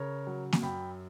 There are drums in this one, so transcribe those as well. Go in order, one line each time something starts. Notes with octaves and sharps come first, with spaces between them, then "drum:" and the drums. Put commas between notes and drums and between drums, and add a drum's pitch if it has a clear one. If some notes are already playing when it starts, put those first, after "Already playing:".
Already playing: C#3 A#4 C#5
F#3
drum: snare A#3
F#2 G5 B5